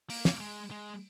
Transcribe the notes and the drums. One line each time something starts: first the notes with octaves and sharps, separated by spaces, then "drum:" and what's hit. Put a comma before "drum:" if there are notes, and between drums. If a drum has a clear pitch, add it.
A#3, drum: open hi-hat
drum: snare
G#3
G#3